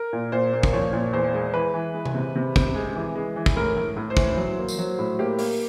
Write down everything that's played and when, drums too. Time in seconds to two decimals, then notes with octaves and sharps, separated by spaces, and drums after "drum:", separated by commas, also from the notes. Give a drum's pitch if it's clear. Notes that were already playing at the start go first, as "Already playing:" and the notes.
Already playing: A#4
0.13 A#2
0.32 A#2 C5
0.53 A#3
0.63 drum: kick
0.73 F3 C#5
0.93 A#2
1.13 E2 C5
1.34 G#3
1.54 E3 B4
1.74 E3
1.94 G#3
2.06 drum: tom C3
2.15 C3
2.36 C3
2.56 C3, drum: kick
2.75 G#3
2.95 E3
3.15 G#3
3.36 E3
3.46 drum: kick
3.56 A2 A#4
3.77 A2
3.97 A2
4.10 C5
4.17 E3, drum: kick
4.37 F#3
4.58 A#3
4.68 drum: tambourine
4.79 F#3
4.99 A2
5.19 A#3 G4
5.39 A#3, drum: open hi-hat